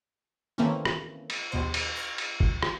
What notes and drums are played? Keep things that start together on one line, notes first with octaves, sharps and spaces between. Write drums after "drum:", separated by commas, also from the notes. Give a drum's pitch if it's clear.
D#3 E3 A3 A#3 C4 C#4
drum: rim click
drum: cymbal
A#1 D#2 B2 C5
drum: cymbal
F6 G#6 A#6
drum: cymbal
drum: kick F#1
drum: rim click